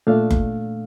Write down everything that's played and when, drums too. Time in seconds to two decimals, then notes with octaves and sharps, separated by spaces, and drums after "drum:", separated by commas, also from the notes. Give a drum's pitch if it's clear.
0.07 A#2 A3 D4 F5
0.31 drum: kick F#1